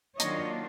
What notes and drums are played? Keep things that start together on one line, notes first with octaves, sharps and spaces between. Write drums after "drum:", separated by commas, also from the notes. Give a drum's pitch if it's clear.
D#3 F#3 A#3 D4 F4 C#5 D#5, drum: hi-hat